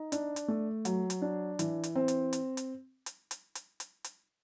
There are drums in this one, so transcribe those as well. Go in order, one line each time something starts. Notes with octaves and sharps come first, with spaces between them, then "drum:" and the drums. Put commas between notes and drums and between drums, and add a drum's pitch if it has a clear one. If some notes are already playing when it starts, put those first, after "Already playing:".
Already playing: D#4
D4, drum: hi-hat
drum: hi-hat
A3
F#3, drum: hi-hat
drum: hi-hat
D4
E3, drum: hi-hat
drum: hi-hat
C4
drum: hi-hat
drum: hi-hat
drum: hi-hat
drum: hi-hat
drum: hi-hat
drum: hi-hat
drum: hi-hat
drum: hi-hat